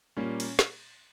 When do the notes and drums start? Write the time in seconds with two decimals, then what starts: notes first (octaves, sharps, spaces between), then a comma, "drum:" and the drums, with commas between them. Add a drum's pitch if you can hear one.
0.17 A#2 G3 A#3 C#4
0.40 drum: cymbal
0.59 drum: snare